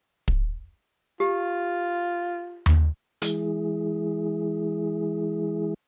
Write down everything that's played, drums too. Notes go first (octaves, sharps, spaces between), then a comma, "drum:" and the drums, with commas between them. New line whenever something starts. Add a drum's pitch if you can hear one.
drum: kick
F4 G4
drum: tom D#2
E3 G#3 E4 G#4, drum: hi-hat